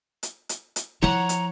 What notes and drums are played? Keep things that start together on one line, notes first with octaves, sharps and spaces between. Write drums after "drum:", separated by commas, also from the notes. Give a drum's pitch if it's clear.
drum: hi-hat
drum: hi-hat
drum: hi-hat
F3 E4 C#5 F#5 A#5
drum: hi-hat